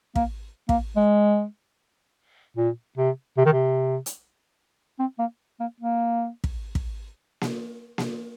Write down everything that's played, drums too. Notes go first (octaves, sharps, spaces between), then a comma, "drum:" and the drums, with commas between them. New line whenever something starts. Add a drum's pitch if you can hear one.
A#3, drum: kick
A#3, drum: kick
G#3
A#2
C3
C3
D#3
C3
drum: hi-hat
C4
A#3
A#3
A#3
drum: kick
drum: kick
drum: snare A#3
drum: snare A#3